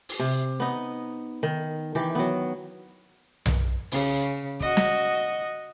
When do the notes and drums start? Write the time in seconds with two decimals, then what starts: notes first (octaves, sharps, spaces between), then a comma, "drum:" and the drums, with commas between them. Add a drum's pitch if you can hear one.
0.09 drum: open hi-hat
0.19 C3
0.60 B3 D#4
1.43 D#3
1.95 D#3 E3 G4
2.15 F#3 B3
3.46 drum: tom B1
3.92 C#3, drum: open hi-hat
4.60 F#4 D#5, drum: kick
4.77 drum: snare